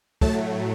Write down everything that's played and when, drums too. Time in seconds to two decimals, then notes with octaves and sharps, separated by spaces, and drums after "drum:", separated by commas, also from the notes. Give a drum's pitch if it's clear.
0.21 A2 F#3 A3 A5, drum: kick